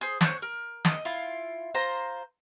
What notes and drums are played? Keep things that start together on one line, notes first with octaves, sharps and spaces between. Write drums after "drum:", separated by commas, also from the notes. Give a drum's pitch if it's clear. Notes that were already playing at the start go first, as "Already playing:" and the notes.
G#4 C5
C5 C#5 C#6 F#6, drum: snare
A#4
D#5, drum: snare
E4 F4
F4 C5 A#5